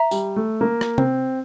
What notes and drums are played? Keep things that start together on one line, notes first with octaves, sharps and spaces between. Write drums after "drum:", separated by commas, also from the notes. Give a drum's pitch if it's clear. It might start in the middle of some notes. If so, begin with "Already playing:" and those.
Already playing: E5 A#5
G3, drum: tambourine
A3
A#3
drum: rim click
C4, drum: tom C3